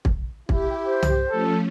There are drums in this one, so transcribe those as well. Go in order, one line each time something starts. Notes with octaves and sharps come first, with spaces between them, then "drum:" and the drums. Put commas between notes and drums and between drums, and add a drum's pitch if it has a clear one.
drum: kick
E4 G4, drum: kick
C5
drum: tom C2
F3 A3 C#4 A4